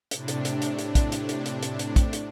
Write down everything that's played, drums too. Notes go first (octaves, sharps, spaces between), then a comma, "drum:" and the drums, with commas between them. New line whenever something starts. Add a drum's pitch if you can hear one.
A2 C3 D4, drum: hi-hat
drum: hi-hat
drum: hi-hat
drum: hi-hat
drum: hi-hat
drum: kick, hi-hat
drum: hi-hat
drum: hi-hat
drum: hi-hat
drum: hi-hat
drum: hi-hat
drum: kick, hi-hat
drum: hi-hat